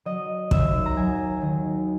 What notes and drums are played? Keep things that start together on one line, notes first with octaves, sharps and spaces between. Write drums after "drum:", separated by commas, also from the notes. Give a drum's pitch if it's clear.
F#3 D#5
D#2 E5, drum: kick
A#5
F#3 G#5
D#3